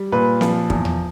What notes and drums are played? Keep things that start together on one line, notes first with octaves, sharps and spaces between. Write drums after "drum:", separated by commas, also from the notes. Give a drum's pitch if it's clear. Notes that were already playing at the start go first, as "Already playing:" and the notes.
Already playing: G3
A#2 B4
F3, drum: snare C4
E2, drum: kick
drum: tom E2